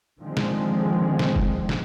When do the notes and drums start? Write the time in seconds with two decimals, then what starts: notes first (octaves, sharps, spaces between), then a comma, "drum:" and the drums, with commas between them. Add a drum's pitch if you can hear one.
0.20 D3 D#3 F3 G#3 C4
0.37 drum: snare
1.19 drum: snare
1.36 drum: kick F1
1.69 drum: snare